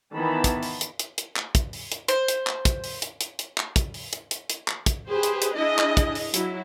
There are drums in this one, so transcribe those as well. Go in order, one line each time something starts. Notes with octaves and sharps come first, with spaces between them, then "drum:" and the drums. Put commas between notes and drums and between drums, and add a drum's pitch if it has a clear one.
D#3 E3 B3 A5 B5
drum: kick, hi-hat
drum: open hi-hat
drum: hi-hat
drum: hi-hat
drum: hi-hat
drum: clap
drum: kick, hi-hat
drum: open hi-hat
drum: hi-hat
C5, drum: hi-hat
drum: hi-hat
drum: clap
drum: kick, hi-hat
drum: open hi-hat
drum: hi-hat
drum: hi-hat
drum: hi-hat
drum: clap
drum: kick, hi-hat
drum: open hi-hat
drum: hi-hat
drum: hi-hat
drum: hi-hat
drum: clap
drum: kick, hi-hat
G4 G#4 B4 C5
drum: hi-hat
drum: hi-hat
D4 E4 G#4 D#5
drum: clap
drum: kick, hi-hat
drum: open hi-hat
F#3 E4, drum: hi-hat